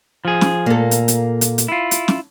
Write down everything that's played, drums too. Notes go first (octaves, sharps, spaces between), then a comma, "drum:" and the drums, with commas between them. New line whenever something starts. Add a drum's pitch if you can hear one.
F3 G#4
drum: snare
A#2 A#3 A4
drum: hi-hat
drum: hi-hat
drum: hi-hat
drum: hi-hat
E4 F4
drum: hi-hat
drum: snare